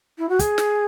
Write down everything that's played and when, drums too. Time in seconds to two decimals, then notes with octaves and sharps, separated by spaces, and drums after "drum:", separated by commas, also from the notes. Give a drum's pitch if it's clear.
0.18 E4
0.29 F#4
0.39 G#4, drum: kick, hi-hat
0.58 drum: snare